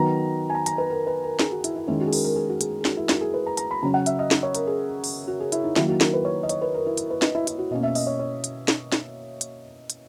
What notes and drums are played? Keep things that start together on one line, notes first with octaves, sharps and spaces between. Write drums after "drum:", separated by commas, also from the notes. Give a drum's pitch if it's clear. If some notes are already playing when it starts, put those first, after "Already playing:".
Already playing: D#3 F#3 B3 A#5
G#5
A#5
A#5, drum: hi-hat
B4
A#4
B4
A#4
G#4, drum: snare
F#4
E4, drum: hi-hat
E4
D#3 G#3 C#4 E4
F#4
G#4
A#4, drum: open hi-hat
A#4
G#4
F#4
G#4, drum: hi-hat
G#4
F#4, drum: snare
E4
F#4, drum: snare
G#4
B4
A#5
A#5, drum: hi-hat
B5
C#3 F#3 C#4 A#5
F#5
E5, drum: hi-hat
D#5
D#5, drum: snare
C#5
A#4, drum: hi-hat
G#4
drum: open hi-hat
F#4
G#4
E4, drum: hi-hat
D#4
D#3 F#3 A#3 E4, drum: snare
F#4
A#4, drum: snare
B4
C#5
D#5
C#5, drum: hi-hat
B4
A#4
E4
A#4, drum: hi-hat
B4
D#5, drum: snare
E4
E4, drum: hi-hat
F#4
B2 A#3 C#4 D#5
E5
D#5, drum: open hi-hat
C#5
C#5
drum: hi-hat
drum: snare
drum: snare
drum: hi-hat
drum: hi-hat